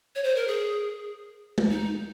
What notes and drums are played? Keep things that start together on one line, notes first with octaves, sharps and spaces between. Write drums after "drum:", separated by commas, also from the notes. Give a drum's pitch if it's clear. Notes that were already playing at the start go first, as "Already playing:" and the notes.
C#5
C5
A#4
G#4
drum: tom G#3
D#4